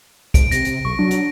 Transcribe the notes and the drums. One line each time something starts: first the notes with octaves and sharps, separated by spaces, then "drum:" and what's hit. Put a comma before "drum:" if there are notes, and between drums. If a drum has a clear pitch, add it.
G#2 D7, drum: kick, hi-hat
C3 A#6, drum: hi-hat
drum: hi-hat
B1 C#6
F#3 D4
drum: hi-hat